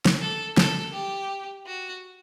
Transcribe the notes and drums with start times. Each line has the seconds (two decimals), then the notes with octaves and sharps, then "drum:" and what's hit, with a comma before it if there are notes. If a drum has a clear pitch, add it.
0.05 drum: snare
0.21 A4
0.57 A4, drum: snare
0.93 G4
1.66 F#4